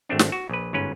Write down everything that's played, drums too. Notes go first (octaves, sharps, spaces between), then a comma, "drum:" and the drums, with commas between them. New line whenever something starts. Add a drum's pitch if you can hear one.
G#1 A3 C4 D4
drum: snare
F#4
A#1 B4
G1 G#2 C#4 B4